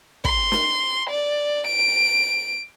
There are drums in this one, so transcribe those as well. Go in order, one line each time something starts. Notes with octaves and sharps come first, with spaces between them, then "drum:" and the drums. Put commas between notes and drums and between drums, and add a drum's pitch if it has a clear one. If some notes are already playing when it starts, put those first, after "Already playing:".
C6, drum: kick
drum: snare
D5
D7